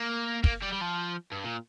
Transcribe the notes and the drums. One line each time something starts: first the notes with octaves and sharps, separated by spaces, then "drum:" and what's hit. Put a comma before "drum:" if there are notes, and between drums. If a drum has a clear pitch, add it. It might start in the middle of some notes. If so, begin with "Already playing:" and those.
Already playing: A#3
A#3, drum: kick
G3
G3
F3
G2
A#2